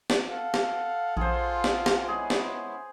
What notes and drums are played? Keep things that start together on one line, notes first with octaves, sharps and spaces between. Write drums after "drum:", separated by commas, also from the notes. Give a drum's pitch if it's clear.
drum: snare
A4 F5 F#5
drum: snare
A#1 F4 G#4 C5
drum: snare
drum: snare
G#3 B3 C#4 E4 G#4
drum: snare